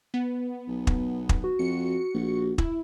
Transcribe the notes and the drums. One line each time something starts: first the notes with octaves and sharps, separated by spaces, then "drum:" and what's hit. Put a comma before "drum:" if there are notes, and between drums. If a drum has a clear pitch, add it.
B3
B1
drum: kick
drum: kick
F#4
F2 C#7
A#1
E4, drum: kick